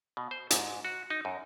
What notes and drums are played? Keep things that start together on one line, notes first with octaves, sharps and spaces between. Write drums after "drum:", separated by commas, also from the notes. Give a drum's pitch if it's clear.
B2
C5
G#2, drum: hi-hat
F#4
D#4
F#2